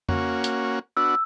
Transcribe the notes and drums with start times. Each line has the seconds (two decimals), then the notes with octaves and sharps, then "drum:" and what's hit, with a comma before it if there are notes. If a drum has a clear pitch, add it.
0.09 A#3 C#4 F#4, drum: tom F2
0.44 drum: hi-hat
0.97 B3 D4 F#4 E6